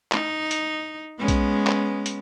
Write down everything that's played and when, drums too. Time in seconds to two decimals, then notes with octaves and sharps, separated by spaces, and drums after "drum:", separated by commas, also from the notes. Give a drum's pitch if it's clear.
0.12 D#4, drum: clap
0.51 drum: hi-hat
1.18 G#3 B3 C#4
1.28 drum: kick B1, hi-hat
1.67 drum: clap
2.06 drum: hi-hat